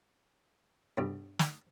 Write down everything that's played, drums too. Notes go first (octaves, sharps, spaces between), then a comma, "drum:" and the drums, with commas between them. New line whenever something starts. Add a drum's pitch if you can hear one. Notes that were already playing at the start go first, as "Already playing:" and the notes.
B1 G2
drum: snare